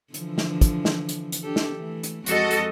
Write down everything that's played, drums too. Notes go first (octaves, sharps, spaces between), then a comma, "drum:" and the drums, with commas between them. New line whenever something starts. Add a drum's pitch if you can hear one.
D3 E3 F3, drum: hi-hat
drum: snare
drum: kick, hi-hat
drum: snare
drum: hi-hat
drum: hi-hat
D4 G4 A4
drum: snare
E3 A3
drum: hi-hat
F2 G#3 F#4 A4 D#5, drum: hi-hat
drum: hi-hat